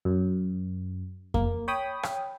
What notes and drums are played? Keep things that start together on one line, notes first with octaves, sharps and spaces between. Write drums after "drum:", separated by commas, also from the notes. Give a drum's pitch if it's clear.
F#2
A#3, drum: kick F2
C#5 G5 B5 D#6
drum: rim click